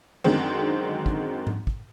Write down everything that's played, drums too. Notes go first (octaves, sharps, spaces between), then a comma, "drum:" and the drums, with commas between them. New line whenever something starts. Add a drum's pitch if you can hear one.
F#2 D3 D#3 G#3 C4
drum: kick
drum: tom G#2
drum: kick